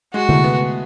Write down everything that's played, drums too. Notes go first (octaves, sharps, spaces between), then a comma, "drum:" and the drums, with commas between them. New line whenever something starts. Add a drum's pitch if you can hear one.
G#3 F#4
A3, drum: tom D3
B3